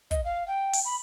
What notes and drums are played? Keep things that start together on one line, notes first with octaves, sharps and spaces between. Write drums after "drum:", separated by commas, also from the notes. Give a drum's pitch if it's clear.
D#5, drum: kick, hi-hat
F5
G5
drum: open hi-hat
B5